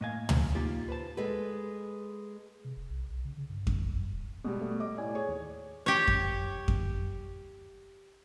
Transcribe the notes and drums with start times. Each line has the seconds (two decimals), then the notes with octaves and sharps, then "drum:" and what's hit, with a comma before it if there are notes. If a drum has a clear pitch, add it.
0.01 A2 A#3 D#5 F5 G#5
0.29 drum: tom
0.55 A#3 D#4 F4 G4
0.88 B4 C5 A5
1.17 G#3 A4 B4
2.65 C3
2.77 F1
2.90 B1
3.10 B1
3.25 C#3
3.38 C#3
3.49 G2
3.67 D#2, drum: kick F2
3.82 B1
3.98 G#2
4.12 D1
4.45 B2 G3 G#3
4.61 A3
4.80 D#5 D6
4.98 A2 D5 G#5
5.14 G#4 C#5
5.29 D#2
5.86 G4 C#5
6.07 drum: kick F2
6.68 drum: kick F2